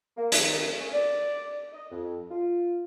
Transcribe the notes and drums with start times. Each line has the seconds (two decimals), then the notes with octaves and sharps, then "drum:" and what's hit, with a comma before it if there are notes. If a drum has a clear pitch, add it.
0.17 A#3
0.32 D#3, drum: hi-hat
0.80 C#4
0.92 D5
1.73 D#5
1.91 F2
2.30 F4